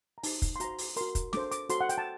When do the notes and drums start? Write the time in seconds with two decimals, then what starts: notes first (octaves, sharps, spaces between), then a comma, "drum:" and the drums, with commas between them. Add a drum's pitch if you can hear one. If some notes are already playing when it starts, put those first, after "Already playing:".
0.18 A#5
0.23 D#4 G4 C5 A5, drum: open hi-hat
0.42 drum: kick, hi-hat
0.56 C6
0.60 F#4 C5 A#5, drum: hi-hat
0.78 drum: open hi-hat
0.96 F#4 A#4 C6, drum: hi-hat
1.15 drum: kick, hi-hat
1.33 D4 A4 C5 D6, drum: snare
1.51 D6, drum: hi-hat
1.69 F#4 A4 C5 C6, drum: hi-hat
1.81 F#5
1.89 G5, drum: hi-hat
1.98 A5